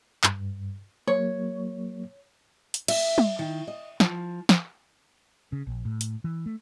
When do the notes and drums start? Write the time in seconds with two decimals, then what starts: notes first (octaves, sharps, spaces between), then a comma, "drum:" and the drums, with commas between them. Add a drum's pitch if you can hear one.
0.24 G2, drum: clap
1.08 F#3 A#3 C#5
2.74 drum: hi-hat
2.88 E5, drum: cymbal
3.18 drum: tom
3.39 D#3
3.67 D#5
4.00 F3, drum: snare
4.49 drum: snare
5.52 C#3
5.67 A#1
5.85 A2
6.01 drum: hi-hat
6.24 E3
6.46 A3